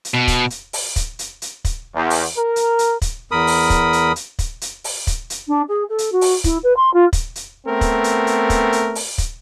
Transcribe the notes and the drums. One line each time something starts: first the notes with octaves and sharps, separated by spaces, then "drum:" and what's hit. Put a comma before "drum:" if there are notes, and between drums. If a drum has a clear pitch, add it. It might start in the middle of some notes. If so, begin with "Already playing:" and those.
drum: hi-hat
B2
drum: kick, hi-hat
drum: hi-hat
drum: open hi-hat
drum: kick, hi-hat
drum: hi-hat
drum: hi-hat
drum: kick, hi-hat
E2
drum: open hi-hat
A#4
drum: hi-hat
drum: hi-hat
drum: kick, hi-hat
E2 A#4 B5 D#6
drum: open hi-hat
drum: kick, hi-hat
drum: hi-hat
drum: hi-hat
drum: kick, hi-hat
drum: hi-hat
drum: open hi-hat
drum: kick, hi-hat
drum: hi-hat
D4
G#4
A4
drum: hi-hat
F#4
drum: open hi-hat
E4, drum: kick, hi-hat
B4
C6
F4
drum: kick, hi-hat
drum: hi-hat
A3 B3 C4 A#4
drum: kick, hi-hat
drum: hi-hat
drum: hi-hat
drum: kick, hi-hat
drum: hi-hat
drum: open hi-hat
drum: kick, hi-hat